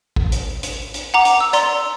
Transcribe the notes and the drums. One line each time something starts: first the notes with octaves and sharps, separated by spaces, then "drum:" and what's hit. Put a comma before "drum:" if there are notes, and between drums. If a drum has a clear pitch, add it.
drum: kick A1
drum: hi-hat
drum: hi-hat
drum: hi-hat
F#5 A#5 D6
drum: hi-hat
E6
D5 A#5 C6, drum: hi-hat